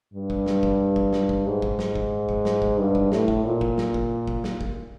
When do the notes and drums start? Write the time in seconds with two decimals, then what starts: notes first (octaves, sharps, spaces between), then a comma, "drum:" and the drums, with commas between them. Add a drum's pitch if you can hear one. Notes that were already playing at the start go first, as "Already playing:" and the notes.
0.14 G2
0.30 drum: kick
0.46 drum: snare
0.63 drum: kick
0.96 drum: kick
1.13 drum: snare
1.29 drum: kick
1.46 G#2
1.62 drum: kick
1.79 drum: snare
1.96 drum: kick
2.29 drum: kick
2.45 drum: snare
2.62 drum: kick
2.78 G2
2.95 drum: kick
3.12 A2, drum: snare
3.28 drum: kick
3.45 A#2
3.61 drum: kick
3.78 drum: snare
3.94 drum: kick
4.28 drum: kick
4.44 drum: snare
4.61 drum: kick